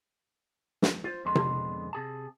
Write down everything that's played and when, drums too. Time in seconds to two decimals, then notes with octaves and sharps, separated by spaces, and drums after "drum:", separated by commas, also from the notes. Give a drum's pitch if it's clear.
0.82 drum: snare
1.04 F4 C5
1.25 F2 D3 G#3 B3 C6
1.35 drum: tom C3
1.93 C3 G#4 A5